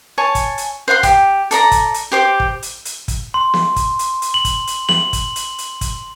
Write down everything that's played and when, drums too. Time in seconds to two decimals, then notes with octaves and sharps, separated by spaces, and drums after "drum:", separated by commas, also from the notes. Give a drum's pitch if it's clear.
0.18 C#5 G#5 A5
0.35 drum: kick, hi-hat
0.58 drum: hi-hat
0.88 C5 F5 F#5 C6
1.03 G4, drum: kick, hi-hat
1.51 A4 D5 A#5, drum: hi-hat
1.71 drum: kick, hi-hat
1.94 drum: hi-hat
2.12 G4 C5 D6
2.40 drum: kick
2.63 drum: hi-hat
2.85 drum: hi-hat
3.08 drum: kick, hi-hat
3.34 C6
3.54 drum: snare
3.76 drum: kick, hi-hat
3.99 drum: hi-hat
4.22 drum: hi-hat
4.34 F#7
4.45 drum: kick, hi-hat
4.67 drum: hi-hat
4.89 F#7, drum: snare
5.13 drum: kick, hi-hat
5.36 drum: hi-hat
5.58 drum: hi-hat
5.81 drum: kick, hi-hat